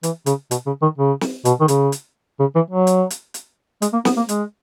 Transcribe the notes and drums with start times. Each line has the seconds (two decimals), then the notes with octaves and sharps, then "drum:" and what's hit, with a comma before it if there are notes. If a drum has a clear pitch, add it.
0.03 E3, drum: hi-hat
0.26 C#3, drum: hi-hat
0.51 B2, drum: hi-hat
0.66 C#3
0.82 D#3
0.98 C#3
1.21 drum: snare
1.45 B2, drum: hi-hat
1.60 D#3
1.68 C#3, drum: hi-hat
1.92 drum: hi-hat
2.40 C#3
2.55 E3
2.71 F#3
2.87 drum: hi-hat
3.10 drum: hi-hat
3.34 drum: hi-hat
3.82 G#3, drum: hi-hat
3.93 A#3
4.05 B3, drum: snare
4.17 A#3
4.29 G#3, drum: hi-hat